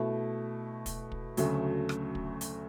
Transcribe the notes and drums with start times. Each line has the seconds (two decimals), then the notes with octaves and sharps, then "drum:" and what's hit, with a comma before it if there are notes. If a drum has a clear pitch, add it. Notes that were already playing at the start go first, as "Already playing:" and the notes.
Already playing: B2 A3 E4
0.86 drum: kick, hi-hat
1.12 drum: kick
1.37 D2 C#3 F#3 A3, drum: hi-hat
1.89 drum: rim click
2.15 drum: kick
2.41 drum: hi-hat